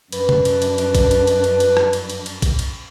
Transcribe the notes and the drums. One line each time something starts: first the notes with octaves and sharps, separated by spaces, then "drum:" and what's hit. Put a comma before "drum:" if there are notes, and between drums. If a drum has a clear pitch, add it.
F#2 D4 B4, drum: cymbal
drum: tom C3
drum: cymbal
drum: cymbal
drum: cymbal
drum: kick A1, cymbal
drum: cymbal
drum: cymbal
drum: cymbal
drum: cymbal
drum: rim click
drum: cymbal
drum: cymbal
drum: cymbal
drum: kick A1, cymbal
drum: cymbal